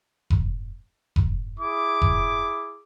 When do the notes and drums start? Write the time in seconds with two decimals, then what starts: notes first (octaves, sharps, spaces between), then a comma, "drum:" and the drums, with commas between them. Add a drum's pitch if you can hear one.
0.30 drum: kick F1
1.16 drum: kick F1
1.59 E4 G#4 D6
2.02 drum: kick F1